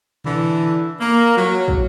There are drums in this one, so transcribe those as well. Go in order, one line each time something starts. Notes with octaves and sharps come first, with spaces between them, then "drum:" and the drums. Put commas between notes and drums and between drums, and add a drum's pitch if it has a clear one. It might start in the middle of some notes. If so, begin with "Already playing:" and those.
D3 E3, drum: tom B2
A#3
F#3
drum: kick